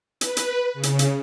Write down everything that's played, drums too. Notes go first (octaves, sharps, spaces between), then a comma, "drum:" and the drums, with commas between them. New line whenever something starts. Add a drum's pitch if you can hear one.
B4, drum: hi-hat
drum: hi-hat
C#3
drum: hi-hat
drum: hi-hat